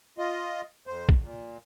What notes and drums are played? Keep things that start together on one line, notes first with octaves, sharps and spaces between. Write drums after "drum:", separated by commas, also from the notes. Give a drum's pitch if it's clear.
F4 D#5
F2 C5
drum: kick
A#2